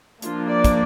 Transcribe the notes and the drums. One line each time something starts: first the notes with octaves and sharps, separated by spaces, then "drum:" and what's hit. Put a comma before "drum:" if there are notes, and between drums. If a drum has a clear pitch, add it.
F3 A#3 D4 F4, drum: hi-hat
D5
drum: kick, hi-hat